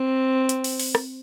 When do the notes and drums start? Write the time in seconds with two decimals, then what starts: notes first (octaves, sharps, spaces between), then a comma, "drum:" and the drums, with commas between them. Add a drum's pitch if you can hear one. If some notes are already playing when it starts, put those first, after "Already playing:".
Already playing: C4
0.49 drum: hi-hat
0.64 drum: open hi-hat
0.80 drum: open hi-hat
0.95 drum: rim click